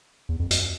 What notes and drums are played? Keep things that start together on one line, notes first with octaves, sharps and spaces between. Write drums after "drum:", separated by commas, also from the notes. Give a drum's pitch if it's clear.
E2
F2
F2, drum: hi-hat